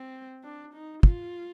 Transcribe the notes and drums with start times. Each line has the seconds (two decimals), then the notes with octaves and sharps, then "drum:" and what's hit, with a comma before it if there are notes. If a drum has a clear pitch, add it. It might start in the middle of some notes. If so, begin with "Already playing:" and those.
Already playing: C4
0.44 D4
0.74 D#4
1.03 F4, drum: kick